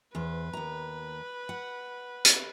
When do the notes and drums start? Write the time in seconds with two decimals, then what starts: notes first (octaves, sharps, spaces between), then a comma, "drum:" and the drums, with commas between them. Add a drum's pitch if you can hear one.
0.15 E2 B4 C5
0.53 D#2 A#5
1.49 F#5
2.25 drum: hi-hat